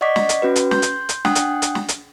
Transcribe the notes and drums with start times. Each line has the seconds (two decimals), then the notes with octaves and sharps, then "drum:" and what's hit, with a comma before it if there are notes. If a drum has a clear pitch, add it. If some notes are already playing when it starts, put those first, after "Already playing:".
0.01 D5 D#5 F#5 C#6 D6 B6
0.16 drum: snare
0.29 drum: hi-hat
0.42 C#4 F#4 B4
0.56 drum: hi-hat
0.71 C6 G6, drum: snare
0.82 drum: hi-hat
1.09 drum: hi-hat
1.25 D4 F#5 G5 D#6 F#6, drum: snare
1.35 drum: hi-hat
1.62 drum: hi-hat
1.75 drum: snare
1.88 drum: hi-hat